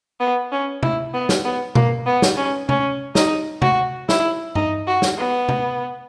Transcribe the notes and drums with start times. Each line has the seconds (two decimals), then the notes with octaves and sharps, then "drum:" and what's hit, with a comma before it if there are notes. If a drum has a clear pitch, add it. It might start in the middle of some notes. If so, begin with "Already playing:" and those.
0.20 B3
0.52 C#4
0.83 E4, drum: tom C3
1.14 B3
1.29 drum: snare
1.45 B3
1.75 A#3, drum: tom B2
2.06 B3
2.22 drum: snare
2.37 C#4
2.69 C#4, drum: tom C3
3.15 D#4, drum: snare
3.62 F#4, drum: tom C3
4.09 E4, drum: snare
4.55 D#4, drum: tom G2
4.87 F#4
5.02 drum: snare
5.18 B3
5.49 drum: tom C3